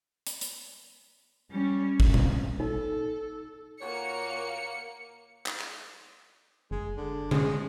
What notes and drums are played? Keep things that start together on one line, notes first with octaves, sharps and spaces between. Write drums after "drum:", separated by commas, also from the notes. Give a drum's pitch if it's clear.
drum: hi-hat
drum: hi-hat
G3 C#4
drum: kick
drum: tom A#2
D#4 A4
A#2 A#3 F#4 C#5 C#7
drum: clap
drum: clap
F#1 G#3
D3
G#3 C#4, drum: tom C#3